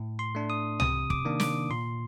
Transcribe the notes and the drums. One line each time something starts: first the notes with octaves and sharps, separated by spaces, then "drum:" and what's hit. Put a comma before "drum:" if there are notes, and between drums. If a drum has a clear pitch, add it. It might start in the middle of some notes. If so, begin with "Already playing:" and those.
Already playing: A2
C6
A3 D4
D#6
C3 D#6, drum: tom
D6, drum: kick
D#3 A#3 D4
D6, drum: snare
A#2 C6